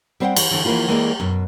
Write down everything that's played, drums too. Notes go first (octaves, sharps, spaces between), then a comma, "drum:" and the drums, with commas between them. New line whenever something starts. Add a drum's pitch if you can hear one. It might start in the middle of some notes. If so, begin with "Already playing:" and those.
G3 C4 C5 E5 F#5 G5
E3, drum: cymbal
D3 E3
E3 F3 G#3 A#3 E4 F4
E3 G#3 A#3 E4 G#4 D5
F#2 B2